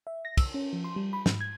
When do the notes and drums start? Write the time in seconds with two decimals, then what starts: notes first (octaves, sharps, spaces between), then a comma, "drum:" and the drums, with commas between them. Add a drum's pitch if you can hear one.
0.07 E5
0.25 A#6
0.37 E6, drum: kick, cymbal
0.54 C#4
0.73 F3
0.84 C6
0.96 G3
1.13 B5
1.26 G#2, drum: snare
1.41 G#6